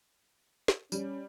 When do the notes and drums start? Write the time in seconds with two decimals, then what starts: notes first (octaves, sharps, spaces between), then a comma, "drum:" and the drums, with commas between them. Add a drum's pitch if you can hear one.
0.68 drum: snare
0.92 G3 C#4, drum: tambourine